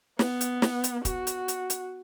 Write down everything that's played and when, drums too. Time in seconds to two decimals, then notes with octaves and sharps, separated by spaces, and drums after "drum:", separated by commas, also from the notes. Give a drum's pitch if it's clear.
0.19 B3, drum: snare
0.41 drum: hi-hat
0.62 drum: snare
0.84 drum: hi-hat
1.05 F#4, drum: kick, hi-hat
1.27 drum: hi-hat
1.48 drum: hi-hat
1.70 drum: hi-hat